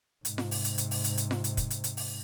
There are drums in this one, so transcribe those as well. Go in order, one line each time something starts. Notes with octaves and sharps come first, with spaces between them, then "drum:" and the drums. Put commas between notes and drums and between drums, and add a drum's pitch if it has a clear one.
G#2 C3, drum: hi-hat
drum: snare F4
drum: open hi-hat
drum: hi-hat
drum: hi-hat
drum: open hi-hat
drum: hi-hat
drum: hi-hat
drum: snare F4
drum: hi-hat
drum: kick, hi-hat
drum: hi-hat
drum: hi-hat
drum: open hi-hat